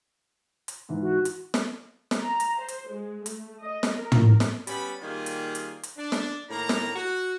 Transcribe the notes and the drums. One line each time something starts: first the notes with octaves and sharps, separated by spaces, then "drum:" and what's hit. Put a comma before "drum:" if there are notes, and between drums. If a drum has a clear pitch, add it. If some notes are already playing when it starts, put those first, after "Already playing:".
drum: hi-hat
G#2 E3
F#4
drum: hi-hat
drum: snare
drum: snare
A#5
drum: hi-hat
C5
drum: hi-hat
G#3
A3, drum: hi-hat
D#5
drum: snare
A#4
drum: tom
drum: snare
G3 B3 C#4 B5, drum: hi-hat
D#3 G3 A#3 F4 G#4
drum: hi-hat
drum: hi-hat
drum: hi-hat
D4
drum: snare
A2 D#3 A#3 A#5
drum: snare
F#4